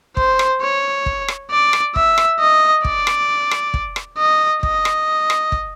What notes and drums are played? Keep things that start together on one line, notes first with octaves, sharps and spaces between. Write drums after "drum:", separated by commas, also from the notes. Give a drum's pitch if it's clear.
C5, drum: kick
drum: rim click
C#5
drum: kick
drum: rim click
D5
drum: rim click
E5, drum: kick
drum: rim click
D#5
D5, drum: kick
drum: rim click
drum: rim click
drum: kick
drum: rim click
D#5
D#5, drum: kick
drum: rim click
drum: rim click
drum: kick